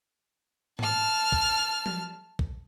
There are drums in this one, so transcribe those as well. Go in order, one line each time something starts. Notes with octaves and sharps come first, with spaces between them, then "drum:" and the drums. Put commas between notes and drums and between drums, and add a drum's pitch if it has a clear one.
A5 F6, drum: tom
drum: kick
drum: tom F3
drum: kick